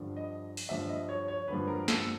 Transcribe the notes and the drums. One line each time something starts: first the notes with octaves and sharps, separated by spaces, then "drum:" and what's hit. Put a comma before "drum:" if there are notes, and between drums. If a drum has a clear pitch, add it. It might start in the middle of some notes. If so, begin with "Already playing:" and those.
Already playing: G2 D3 F3
D#5
drum: open hi-hat
G2 D3 F3 E5
D#5
C#5
C#5
G2 D3 F3 B4
A#4
A4, drum: snare